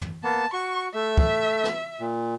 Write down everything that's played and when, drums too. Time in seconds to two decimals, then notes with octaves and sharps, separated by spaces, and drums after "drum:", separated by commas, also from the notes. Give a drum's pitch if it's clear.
0.01 drum: tom
0.24 A#3 B3 A5
0.53 F#4 C#6
0.94 A3 E5
1.18 drum: kick
1.64 drum: rim click
2.00 A#2